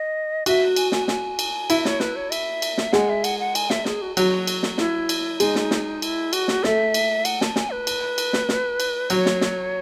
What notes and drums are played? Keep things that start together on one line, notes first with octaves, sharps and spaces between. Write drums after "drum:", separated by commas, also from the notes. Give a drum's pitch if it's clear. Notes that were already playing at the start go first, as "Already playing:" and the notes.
Already playing: D#5
F#4 E5, drum: cymbal
G#5, drum: cymbal
G#5, drum: snare
G#5, drum: snare
drum: cymbal
E4 E5, drum: cymbal
C#5, drum: snare
B4, drum: snare
C#5
E5, drum: cymbal
drum: cymbal
drum: snare
G#3 F#5, drum: snare
E5
F#5, drum: cymbal
F#5
G#5, drum: cymbal
E5, drum: snare
G#4, drum: snare
F#4
F#3 F#4, drum: cymbal
drum: cymbal
drum: snare
E4, drum: snare
drum: cymbal
G#3 D#4, drum: cymbal
drum: snare
drum: snare
E4, drum: cymbal
F#4, drum: cymbal
drum: snare
A3 E5, drum: snare
drum: cymbal
F#5, drum: cymbal
A5, drum: snare
G#5, drum: snare
B4
drum: cymbal
drum: cymbal
drum: snare
drum: snare
drum: cymbal
F#3 C#5, drum: cymbal
drum: snare
drum: snare